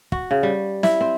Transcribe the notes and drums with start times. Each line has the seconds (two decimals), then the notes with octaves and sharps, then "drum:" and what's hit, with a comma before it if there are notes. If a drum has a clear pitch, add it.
0.12 F#4, drum: kick
0.31 C#3
0.43 G3
0.83 E4, drum: snare
1.01 C4